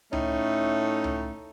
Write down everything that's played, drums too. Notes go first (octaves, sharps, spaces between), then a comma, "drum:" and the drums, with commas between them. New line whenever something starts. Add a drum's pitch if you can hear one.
A2 A3 C#4 D#4, drum: tom C#2
drum: tom C#2